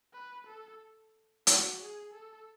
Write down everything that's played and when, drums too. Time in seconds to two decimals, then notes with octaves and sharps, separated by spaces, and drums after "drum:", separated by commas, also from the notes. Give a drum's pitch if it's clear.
0.13 B4
0.47 A4
1.47 F#4, drum: hi-hat
1.80 G#4
2.13 A4